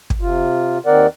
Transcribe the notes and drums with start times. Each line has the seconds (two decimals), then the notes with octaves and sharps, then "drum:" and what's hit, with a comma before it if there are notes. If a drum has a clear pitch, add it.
0.10 drum: kick
0.21 C3 F4
0.86 D#2 D#3 C4 A#4 D5 F#5